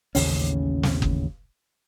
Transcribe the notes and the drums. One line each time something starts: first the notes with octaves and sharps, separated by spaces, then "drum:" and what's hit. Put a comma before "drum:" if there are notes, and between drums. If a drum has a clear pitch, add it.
A1 D#2 C#3 C#4, drum: open hi-hat
drum: snare
drum: kick F#1